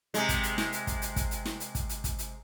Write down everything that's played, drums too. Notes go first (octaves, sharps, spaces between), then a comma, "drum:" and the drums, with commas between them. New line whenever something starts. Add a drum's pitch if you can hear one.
C3 G#3, drum: hi-hat
drum: kick, hi-hat
drum: hi-hat
drum: snare
drum: hi-hat
drum: kick, hi-hat
drum: hi-hat
drum: kick, hi-hat
drum: hi-hat
drum: snare
drum: hi-hat
drum: kick, hi-hat
drum: hi-hat
drum: kick, hi-hat
drum: hi-hat